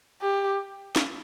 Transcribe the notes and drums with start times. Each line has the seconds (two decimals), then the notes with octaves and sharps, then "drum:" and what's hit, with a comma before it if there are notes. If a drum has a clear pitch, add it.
0.21 G4
0.96 drum: snare